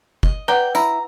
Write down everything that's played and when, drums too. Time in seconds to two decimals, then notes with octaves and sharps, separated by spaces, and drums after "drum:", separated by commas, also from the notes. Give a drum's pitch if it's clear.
0.23 D#5, drum: kick
0.48 B4 D5 F#5 G5 A#5
0.75 E4 A#5, drum: tambourine